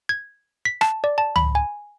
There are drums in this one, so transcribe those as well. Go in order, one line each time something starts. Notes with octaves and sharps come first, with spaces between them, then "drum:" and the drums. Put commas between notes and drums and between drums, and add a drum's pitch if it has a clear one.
G#6
B6
A5, drum: rim click
D5
A5
B5, drum: tom C#2
G#5